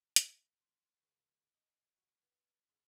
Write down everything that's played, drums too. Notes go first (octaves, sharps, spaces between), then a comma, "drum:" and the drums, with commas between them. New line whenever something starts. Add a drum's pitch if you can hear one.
E5, drum: hi-hat
C4
C#2
D#5
F#4
B3
G#2